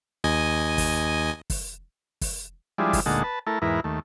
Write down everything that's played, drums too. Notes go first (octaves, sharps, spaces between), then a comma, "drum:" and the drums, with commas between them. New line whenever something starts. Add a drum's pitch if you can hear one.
D#2 D#5 G#5
drum: kick, open hi-hat
drum: kick, open hi-hat
drum: kick, open hi-hat
F3 G3 G#3 D4 E4
drum: kick, open hi-hat
D2 A#2 G#3 D#4 F#5 A5
B4 A5
A3 E4 A4 A#4
E2 G#2 E4 A#4 B4
D#2 A3